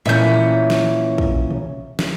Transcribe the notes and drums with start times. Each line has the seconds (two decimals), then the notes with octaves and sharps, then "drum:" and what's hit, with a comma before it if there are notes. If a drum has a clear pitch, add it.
0.06 A#2 E3 C#4 E5 G6
0.22 drum: tom D#3
0.70 drum: snare
1.18 drum: kick
1.50 drum: tom A#2
1.99 drum: snare